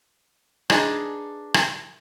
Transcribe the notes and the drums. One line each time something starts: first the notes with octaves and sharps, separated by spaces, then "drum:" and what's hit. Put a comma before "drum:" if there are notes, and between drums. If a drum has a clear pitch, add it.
D4 D#4 G#4 B4, drum: rim click
drum: rim click